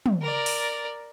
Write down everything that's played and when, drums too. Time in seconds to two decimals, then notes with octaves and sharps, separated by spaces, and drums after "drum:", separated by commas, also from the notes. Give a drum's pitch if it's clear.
0.06 drum: tom
0.22 A#4 D5
0.46 drum: open hi-hat